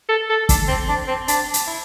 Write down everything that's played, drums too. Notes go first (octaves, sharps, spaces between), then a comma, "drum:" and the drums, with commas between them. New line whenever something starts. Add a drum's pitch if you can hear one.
A4
A4
D4, drum: kick, hi-hat
C4
D4
C4
D4, drum: hi-hat
drum: hi-hat
E4